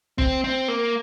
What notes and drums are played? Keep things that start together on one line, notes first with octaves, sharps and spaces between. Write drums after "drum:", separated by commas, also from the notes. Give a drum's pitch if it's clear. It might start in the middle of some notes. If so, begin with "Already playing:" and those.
C4, drum: kick
C4
A#3